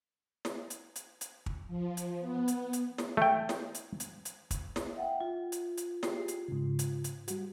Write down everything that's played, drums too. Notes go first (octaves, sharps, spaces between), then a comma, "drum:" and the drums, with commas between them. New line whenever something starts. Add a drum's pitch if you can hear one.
drum: snare
drum: hi-hat
drum: hi-hat
drum: hi-hat
drum: kick
F3
drum: hi-hat
B3
drum: hi-hat
drum: hi-hat
drum: snare
A3 G5
drum: snare
drum: hi-hat
drum: hi-hat
drum: hi-hat
drum: kick, hi-hat
drum: snare
E5 F#5 G5
F4
drum: hi-hat
drum: hi-hat
G4 G#4 C7, drum: snare
drum: hi-hat
G#2 C#3
drum: hi-hat
drum: hi-hat
G3 F#4, drum: hi-hat